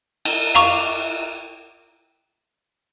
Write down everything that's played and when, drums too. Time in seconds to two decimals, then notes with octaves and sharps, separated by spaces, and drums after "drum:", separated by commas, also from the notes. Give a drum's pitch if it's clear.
0.25 drum: cymbal
0.55 F5 A#5 C#6 D6, drum: rim click